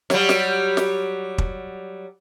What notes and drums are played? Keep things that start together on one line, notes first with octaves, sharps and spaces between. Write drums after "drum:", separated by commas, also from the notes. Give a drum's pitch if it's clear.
F#3 G3, drum: snare
drum: snare
drum: snare
drum: kick